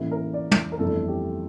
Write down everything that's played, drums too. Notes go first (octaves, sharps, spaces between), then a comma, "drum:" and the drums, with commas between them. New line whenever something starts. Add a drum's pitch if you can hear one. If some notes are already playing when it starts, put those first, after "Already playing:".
Already playing: A1 A2 E3 A#3
A#4
D5
drum: tom
A#4
G1 F2 E3 A3 A4
G4